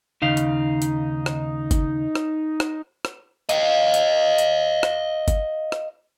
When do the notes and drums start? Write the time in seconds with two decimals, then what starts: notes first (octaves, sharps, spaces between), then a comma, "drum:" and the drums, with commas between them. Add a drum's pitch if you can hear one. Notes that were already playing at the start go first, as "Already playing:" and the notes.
0.22 D#2 C#3 D#4 F5
0.37 drum: hi-hat
0.82 drum: hi-hat
1.26 drum: rim click
1.71 drum: kick G1, hi-hat
2.15 drum: rim click
2.60 drum: rim click
3.05 drum: rim click
3.49 D#5 F5, drum: hi-hat
3.94 drum: hi-hat
4.38 drum: hi-hat
4.83 drum: rim click
5.28 drum: kick G1, hi-hat
5.72 drum: rim click